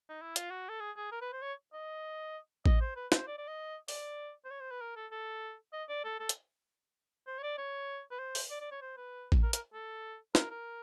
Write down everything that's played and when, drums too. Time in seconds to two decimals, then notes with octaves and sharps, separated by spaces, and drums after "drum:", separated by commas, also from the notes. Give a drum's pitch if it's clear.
0.09 D#4
0.22 E4
0.36 F4, drum: hi-hat
0.50 F#4
0.69 A4
0.80 G#4
0.97 G#4
1.12 A#4
1.22 B4
1.33 C5
1.42 C#5
1.73 D#5
2.66 D#5, drum: kick A1
2.81 C5
2.96 B4
3.12 C5, drum: snare
3.27 D5
3.38 D5
3.47 D#5
3.88 D5, drum: open hi-hat
4.45 C5
4.51 C#5
4.60 C5
4.71 B4
4.81 A#4
4.96 A4
5.11 A4
5.73 D#5
5.89 D5
6.04 A4
6.20 A4
6.29 drum: hi-hat
7.27 C5
7.38 C#5
7.43 D5
7.58 C#5
8.11 B4
8.19 C5
8.35 drum: open hi-hat
8.50 D5
8.60 D5
8.71 C#5
8.82 C5
8.97 B4
9.32 drum: kick A1
9.43 A#4
9.53 A#4, drum: hi-hat
9.73 A4
10.35 A#4, drum: snare
10.50 A#4